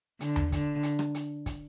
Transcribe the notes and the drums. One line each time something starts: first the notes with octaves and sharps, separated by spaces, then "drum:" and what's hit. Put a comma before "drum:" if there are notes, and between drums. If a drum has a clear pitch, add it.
D3, drum: hi-hat
drum: tom D#2
D3, drum: kick, hi-hat
drum: hi-hat
drum: rim click
drum: hi-hat
drum: kick, hi-hat